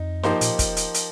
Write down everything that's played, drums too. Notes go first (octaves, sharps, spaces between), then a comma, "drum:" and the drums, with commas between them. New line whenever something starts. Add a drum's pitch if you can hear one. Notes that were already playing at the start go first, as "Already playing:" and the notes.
Already playing: F2 D#4
G2 F3 A#3 D#4 G4 C5, drum: snare D#4
A#2, drum: hi-hat
drum: kick, hi-hat
drum: hi-hat
drum: hi-hat